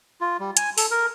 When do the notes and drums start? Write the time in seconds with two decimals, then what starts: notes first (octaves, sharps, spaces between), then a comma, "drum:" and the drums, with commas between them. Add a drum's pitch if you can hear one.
0.21 F4
0.40 G3
0.57 G#5, drum: hi-hat
0.78 A4, drum: open hi-hat
0.91 A#4